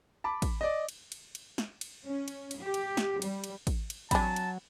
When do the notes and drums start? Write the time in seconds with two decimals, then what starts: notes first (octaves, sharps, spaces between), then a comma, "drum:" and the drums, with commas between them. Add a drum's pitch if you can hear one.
0.24 A5 B5 D6
0.42 drum: kick, cymbal
0.61 D5 D#5
0.89 drum: cymbal
1.12 drum: cymbal
1.35 drum: cymbal
1.58 drum: snare
1.81 drum: cymbal
2.04 C#4
2.28 drum: cymbal
2.51 drum: cymbal
2.60 G4
2.74 drum: cymbal
2.97 drum: snare
3.22 G3, drum: cymbal
3.44 drum: cymbal
3.67 drum: kick, cymbal
3.90 drum: cymbal
4.11 F#3 C4 D4 G#5 A5 B5, drum: kick, cymbal
4.36 drum: cymbal